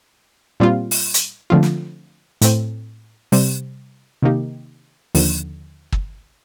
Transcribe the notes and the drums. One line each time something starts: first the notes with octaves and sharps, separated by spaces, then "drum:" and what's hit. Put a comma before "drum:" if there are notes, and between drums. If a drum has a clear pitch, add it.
A#2 G3 C4 F4
drum: open hi-hat
drum: hi-hat
D3 F3 A3 C4 F4
drum: snare
A2 A3 C4, drum: hi-hat
C3 G3 C4, drum: open hi-hat
C3 D#3 A#3 D#4 G4
D#2 D3 F3, drum: open hi-hat
drum: kick